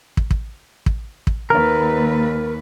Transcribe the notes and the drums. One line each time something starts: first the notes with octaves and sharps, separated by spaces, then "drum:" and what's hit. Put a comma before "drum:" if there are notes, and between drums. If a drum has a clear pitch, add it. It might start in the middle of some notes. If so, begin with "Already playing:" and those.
drum: kick
drum: kick
drum: kick
drum: kick
D#2 A#4 B4